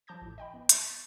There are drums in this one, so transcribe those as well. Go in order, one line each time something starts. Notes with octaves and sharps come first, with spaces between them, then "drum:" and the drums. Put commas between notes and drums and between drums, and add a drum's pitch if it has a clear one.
F3 A5 D6 G6 A#6
A1 A2
D#5 G5 B5
B3
A5, drum: hi-hat
A6 B6